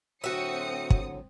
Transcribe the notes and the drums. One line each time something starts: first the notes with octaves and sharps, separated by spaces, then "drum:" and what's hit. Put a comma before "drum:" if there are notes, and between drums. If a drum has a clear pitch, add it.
A2 D3 F#3 C4 F#4 E5 D#6 C#7
drum: kick